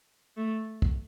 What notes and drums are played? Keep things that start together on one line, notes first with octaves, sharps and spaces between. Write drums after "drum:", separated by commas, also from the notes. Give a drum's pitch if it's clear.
A3
drum: kick